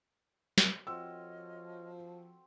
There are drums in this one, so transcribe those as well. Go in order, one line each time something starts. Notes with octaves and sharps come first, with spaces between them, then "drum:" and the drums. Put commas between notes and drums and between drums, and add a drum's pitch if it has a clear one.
drum: snare
F3 C4 F#4 A4 C#5 D#5 E6 F6